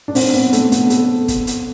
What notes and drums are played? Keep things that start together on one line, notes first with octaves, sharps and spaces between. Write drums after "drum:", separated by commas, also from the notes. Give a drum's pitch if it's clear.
D4
C4, drum: open hi-hat
B3
A3, drum: hi-hat
B3, drum: hi-hat
A4, drum: hi-hat
drum: kick, hi-hat
drum: hi-hat